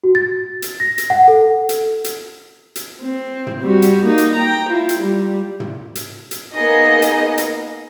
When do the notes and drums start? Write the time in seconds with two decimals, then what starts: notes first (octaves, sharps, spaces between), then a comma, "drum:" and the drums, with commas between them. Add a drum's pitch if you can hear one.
0.04 F#4
0.15 A6
0.62 drum: hi-hat
0.80 A#6
0.98 drum: hi-hat
1.10 F#5
1.28 A4
1.69 drum: hi-hat
2.04 drum: hi-hat
2.75 drum: hi-hat
3.03 C4
3.47 drum: tom
3.62 G3 F#4
3.82 drum: hi-hat
4.06 A#3 D#4
4.18 drum: hi-hat
4.36 G5 A#5
4.70 E4 F4
4.89 drum: hi-hat
5.00 G3
5.60 drum: tom
5.95 drum: hi-hat
6.31 drum: hi-hat
6.53 A#3 B3 D#4 G#4 D#5
7.02 drum: hi-hat
7.38 drum: hi-hat